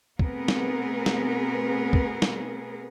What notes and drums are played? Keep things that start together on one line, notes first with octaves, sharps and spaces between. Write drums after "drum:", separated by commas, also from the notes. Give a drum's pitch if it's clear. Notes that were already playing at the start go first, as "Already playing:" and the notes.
B2 A3 B3 C4 G#4 A#4, drum: kick
drum: snare
drum: snare
drum: kick
drum: snare